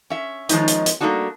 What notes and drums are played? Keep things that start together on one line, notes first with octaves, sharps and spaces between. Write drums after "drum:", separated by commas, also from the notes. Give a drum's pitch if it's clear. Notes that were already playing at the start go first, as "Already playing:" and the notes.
C#4 E5
D#3 F3 G#3 C#4 D#4, drum: hi-hat
drum: hi-hat
drum: hi-hat
G3 A3 A#3 D4 D#4 F#4